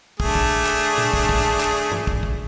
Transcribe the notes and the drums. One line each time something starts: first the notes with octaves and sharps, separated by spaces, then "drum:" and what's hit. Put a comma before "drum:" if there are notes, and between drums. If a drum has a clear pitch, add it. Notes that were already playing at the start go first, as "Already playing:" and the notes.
A3 D4 G#4, drum: kick
drum: kick
drum: clap
drum: tom
drum: kick
drum: kick
drum: clap
drum: tom G2
drum: kick
drum: kick